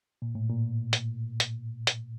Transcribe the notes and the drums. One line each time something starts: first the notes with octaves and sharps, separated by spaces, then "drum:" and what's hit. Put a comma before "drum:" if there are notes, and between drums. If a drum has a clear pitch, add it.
A#2
A2
A#2
drum: hi-hat
drum: hi-hat
drum: hi-hat